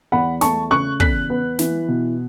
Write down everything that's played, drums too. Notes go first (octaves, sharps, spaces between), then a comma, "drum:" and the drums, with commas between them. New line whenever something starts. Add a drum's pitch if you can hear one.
E2 F#5 B5
A3 A5 C#6, drum: snare
C#3 C#6 F#6
E2 F#6 B6, drum: kick
B3
E3, drum: snare
B2